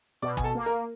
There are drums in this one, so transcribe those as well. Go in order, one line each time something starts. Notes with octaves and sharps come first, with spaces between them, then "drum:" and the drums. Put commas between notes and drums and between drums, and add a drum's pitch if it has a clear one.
B2 D5 D6
G#5, drum: kick
A4 A5
A#3
A#4 A#5